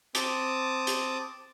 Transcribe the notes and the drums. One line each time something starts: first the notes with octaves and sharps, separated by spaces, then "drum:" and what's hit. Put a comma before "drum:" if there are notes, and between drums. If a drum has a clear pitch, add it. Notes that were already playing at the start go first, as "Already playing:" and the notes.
C4 A5 D6 D#6, drum: hi-hat
drum: hi-hat